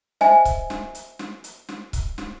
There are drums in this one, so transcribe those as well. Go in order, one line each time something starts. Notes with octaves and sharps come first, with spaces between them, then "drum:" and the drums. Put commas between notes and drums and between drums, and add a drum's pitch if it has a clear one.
C5 D#5 E5 G#5, drum: snare
drum: kick C#1, hi-hat
drum: snare
drum: hi-hat
drum: snare
drum: hi-hat
drum: snare
drum: kick C#1, hi-hat
drum: snare